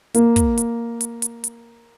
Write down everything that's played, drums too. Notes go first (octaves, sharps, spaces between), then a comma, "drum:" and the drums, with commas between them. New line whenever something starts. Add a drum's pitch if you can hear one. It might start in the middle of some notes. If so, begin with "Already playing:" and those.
A#3, drum: hi-hat
drum: kick, hi-hat
drum: hi-hat
drum: hi-hat
drum: hi-hat
drum: hi-hat